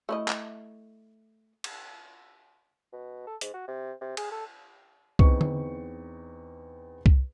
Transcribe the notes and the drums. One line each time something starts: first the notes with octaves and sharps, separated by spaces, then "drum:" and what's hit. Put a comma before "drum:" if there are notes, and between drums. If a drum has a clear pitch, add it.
A3 E4 D#5
drum: clap
drum: cymbal
B2
A4
G#2, drum: hi-hat
F#4
C3
C3
G#4, drum: cymbal
A4
E2 C4 D#4 B4 C#6, drum: kick C2
drum: tom D3
drum: kick C2